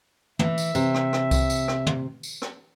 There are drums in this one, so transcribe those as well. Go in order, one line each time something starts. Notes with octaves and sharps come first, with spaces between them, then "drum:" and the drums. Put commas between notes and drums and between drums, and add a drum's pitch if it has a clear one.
E3 E5, drum: tom
drum: tambourine
C3, drum: tambourine
drum: rim click
drum: rim click
drum: kick C2, tambourine
drum: tambourine
drum: rim click
drum: tom
drum: tambourine
drum: rim click